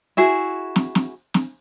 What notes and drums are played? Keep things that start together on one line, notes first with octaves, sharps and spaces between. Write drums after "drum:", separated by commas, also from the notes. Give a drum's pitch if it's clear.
E4 F#4 G#4
drum: snare
drum: snare
drum: snare